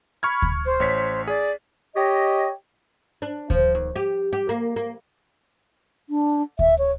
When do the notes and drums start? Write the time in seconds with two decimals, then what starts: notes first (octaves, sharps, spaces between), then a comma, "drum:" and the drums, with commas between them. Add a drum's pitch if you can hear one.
0.23 B5 C#6 F6 G#6
0.42 drum: kick D2
0.65 C5
0.80 A1 C#5 B6
1.28 G#4 D5
1.95 G4 C#5 D#5
3.22 D4
3.50 F3, drum: kick D2
3.75 D#2
3.96 G4
4.33 G4
4.49 A#3
4.76 A#3
6.10 D4
6.59 E5, drum: kick D2
6.78 C#5